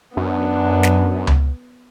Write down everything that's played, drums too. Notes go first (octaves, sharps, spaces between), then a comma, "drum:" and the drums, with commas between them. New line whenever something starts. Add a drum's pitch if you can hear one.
F#2 B3 D4
drum: snare
drum: tom C#2